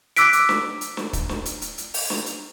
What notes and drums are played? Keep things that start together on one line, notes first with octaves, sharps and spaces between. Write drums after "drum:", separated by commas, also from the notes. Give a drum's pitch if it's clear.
D6 E6 F#6 B6 D7, drum: hi-hat
drum: hi-hat
drum: snare
drum: hi-hat
drum: snare
drum: kick, hi-hat
drum: snare
drum: hi-hat
drum: hi-hat
drum: hi-hat
drum: open hi-hat
drum: snare
drum: hi-hat